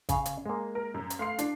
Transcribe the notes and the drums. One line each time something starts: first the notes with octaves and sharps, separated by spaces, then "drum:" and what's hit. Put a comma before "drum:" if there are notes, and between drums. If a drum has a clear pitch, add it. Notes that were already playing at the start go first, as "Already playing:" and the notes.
C#3 F5, drum: kick G#1, hi-hat
drum: hi-hat
G#3 A#3
A#4
F#2
drum: hi-hat
A3 F5 C6 C7
D4, drum: hi-hat